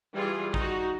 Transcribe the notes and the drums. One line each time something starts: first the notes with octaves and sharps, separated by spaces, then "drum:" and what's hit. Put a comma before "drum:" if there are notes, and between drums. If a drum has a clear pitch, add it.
E3 G3 F4 G#4
D#4 F#4, drum: kick